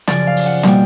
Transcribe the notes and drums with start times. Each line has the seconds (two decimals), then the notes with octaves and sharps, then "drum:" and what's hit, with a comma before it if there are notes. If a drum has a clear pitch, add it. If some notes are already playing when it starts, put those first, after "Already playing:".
0.07 F#2 C#3 F3 D5, drum: snare
0.27 F5
0.37 drum: open hi-hat
0.46 F#5
0.63 B2 G3 A#3 G5, drum: snare